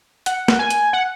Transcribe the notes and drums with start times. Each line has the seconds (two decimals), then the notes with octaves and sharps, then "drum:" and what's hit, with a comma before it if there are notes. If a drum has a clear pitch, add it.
0.26 F#5, drum: hi-hat
0.48 drum: snare
0.59 G#5
0.70 drum: hi-hat
0.93 F#5